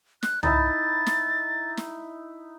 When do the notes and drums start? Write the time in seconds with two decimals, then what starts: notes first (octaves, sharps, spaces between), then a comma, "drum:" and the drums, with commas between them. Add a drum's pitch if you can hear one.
0.23 F#6, drum: snare
0.43 D#4 E4 A5 A6, drum: tom C2
1.07 drum: snare
1.77 drum: snare